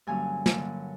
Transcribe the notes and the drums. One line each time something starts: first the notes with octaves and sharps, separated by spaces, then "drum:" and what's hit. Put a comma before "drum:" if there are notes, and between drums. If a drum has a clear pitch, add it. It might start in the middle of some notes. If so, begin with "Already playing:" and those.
G2 D3 F#3 A#3 C#4 G#5
G2 D3 F#3 A#3 C#4, drum: snare